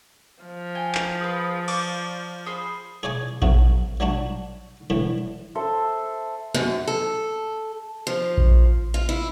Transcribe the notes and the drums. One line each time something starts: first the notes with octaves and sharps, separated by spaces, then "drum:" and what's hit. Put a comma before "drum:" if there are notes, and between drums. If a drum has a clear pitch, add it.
F3
G5 G#5
drum: clap
G#4 B4
D5 C#6 D6, drum: cymbal
G#4 C5 B5
G#4 C#5 D5 G#5
A#1 F#2 C3 F#4, drum: kick A#1
F#3 G3 D4 F#4
A2 D3 E3 G3
A4 C5 E5
F#2, drum: snare
A4
F3
drum: kick A#1
F4
E4